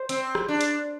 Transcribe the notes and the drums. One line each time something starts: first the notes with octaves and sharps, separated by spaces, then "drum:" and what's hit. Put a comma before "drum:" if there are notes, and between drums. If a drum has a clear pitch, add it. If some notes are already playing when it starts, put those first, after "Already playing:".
Already playing: C5
C4, drum: hi-hat
drum: rim click
D4
drum: hi-hat